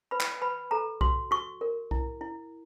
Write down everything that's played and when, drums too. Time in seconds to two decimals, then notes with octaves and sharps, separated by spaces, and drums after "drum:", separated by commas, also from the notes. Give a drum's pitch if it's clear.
0.11 B4 B5
0.20 drum: clap
0.42 B4 B5
0.71 A4 A#5
1.01 F#4 C6, drum: kick B1
1.31 F#4 C#6
1.61 A#4
1.91 E4, drum: kick B1
2.21 E4